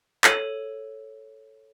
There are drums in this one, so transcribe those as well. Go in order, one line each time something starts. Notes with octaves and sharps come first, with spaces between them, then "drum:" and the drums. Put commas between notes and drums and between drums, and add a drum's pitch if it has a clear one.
A4 C#5 D#7, drum: clap